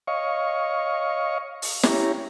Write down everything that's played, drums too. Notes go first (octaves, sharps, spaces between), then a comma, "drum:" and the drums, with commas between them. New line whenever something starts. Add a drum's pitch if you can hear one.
C#5 D#5 F5 C#6
drum: open hi-hat
C#4 E4 G4 C#5 A#5, drum: snare